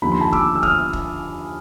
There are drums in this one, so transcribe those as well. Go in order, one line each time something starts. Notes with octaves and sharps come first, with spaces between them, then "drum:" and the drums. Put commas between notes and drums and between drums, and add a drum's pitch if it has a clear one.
D#2 D3 F3 B5
C6
A5 B5
D6 E6, drum: kick
E6
D#6 F6, drum: kick
drum: kick